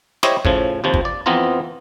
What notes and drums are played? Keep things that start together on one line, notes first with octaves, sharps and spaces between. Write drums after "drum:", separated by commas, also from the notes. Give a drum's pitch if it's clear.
E4 G4 C5 C#5 D#5 E5, drum: snare
A2 C#3 F3, drum: kick
D#2 C3 F3
drum: kick
D5
F2 E3 B3 C4 F4 A#5